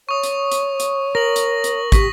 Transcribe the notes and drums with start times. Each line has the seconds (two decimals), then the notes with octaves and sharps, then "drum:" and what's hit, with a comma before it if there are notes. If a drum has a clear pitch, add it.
0.09 C#5 C#6 D#6
0.23 drum: hi-hat
0.52 drum: hi-hat
0.80 drum: hi-hat
1.15 A#4 A#6 F#7
1.36 drum: hi-hat
1.64 drum: hi-hat
1.92 G4 C#6 B6, drum: kick, hi-hat